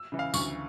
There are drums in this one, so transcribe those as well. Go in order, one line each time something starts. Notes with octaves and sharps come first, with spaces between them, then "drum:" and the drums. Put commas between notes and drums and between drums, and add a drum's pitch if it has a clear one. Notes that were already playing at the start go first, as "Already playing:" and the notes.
Already playing: E6
C#3 E3
F5
D2 C#6, drum: tambourine